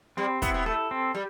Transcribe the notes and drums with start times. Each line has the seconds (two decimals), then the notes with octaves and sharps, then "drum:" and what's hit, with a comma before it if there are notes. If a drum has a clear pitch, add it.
0.17 G3 C4
0.42 B3 E4, drum: kick, hi-hat
0.54 B3
0.66 A3 A4
0.91 C4
1.15 G3